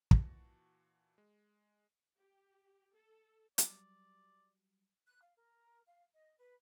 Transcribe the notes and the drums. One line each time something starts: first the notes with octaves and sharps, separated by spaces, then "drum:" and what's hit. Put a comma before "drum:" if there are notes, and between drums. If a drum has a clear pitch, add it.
A#2 E3 F#4 A5 C#6 A#6, drum: kick
G#3
G4
A4
F#3 G3 D5, drum: hi-hat
F#6
F5
A#4
F5
D#5
B4